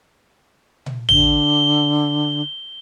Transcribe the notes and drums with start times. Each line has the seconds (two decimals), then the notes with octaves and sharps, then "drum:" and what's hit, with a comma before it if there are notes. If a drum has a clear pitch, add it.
0.86 drum: tom
1.09 D3 G7, drum: tom A1